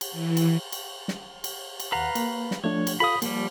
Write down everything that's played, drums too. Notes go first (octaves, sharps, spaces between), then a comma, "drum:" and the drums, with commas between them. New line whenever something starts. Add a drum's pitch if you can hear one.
drum: cymbal
E3
drum: cymbal
drum: cymbal
drum: snare
drum: cymbal
drum: cymbal
D#2 B4 F5 F#5 A#5
A#3, drum: cymbal
drum: snare
F3 A3 D4 C#5
drum: cymbal
F4 A4 F5 B5 D#6
F3 G3 A#3, drum: cymbal